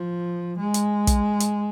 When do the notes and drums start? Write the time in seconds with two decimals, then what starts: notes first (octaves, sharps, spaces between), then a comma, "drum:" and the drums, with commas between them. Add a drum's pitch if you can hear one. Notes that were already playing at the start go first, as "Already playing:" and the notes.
Already playing: F3
0.58 G#3
0.74 drum: hi-hat
1.07 drum: kick, hi-hat
1.40 drum: hi-hat